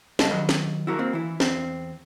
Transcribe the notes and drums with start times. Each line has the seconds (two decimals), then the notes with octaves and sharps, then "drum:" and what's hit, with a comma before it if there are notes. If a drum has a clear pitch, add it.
0.19 C#2 F#2 G3 F4 A4 D#5, drum: snare
0.32 D#3 F#3 D#5
0.49 drum: snare
0.87 E4 F#4 A#4
0.99 A#3 C4
1.13 E3 E4
1.40 E2 C4, drum: snare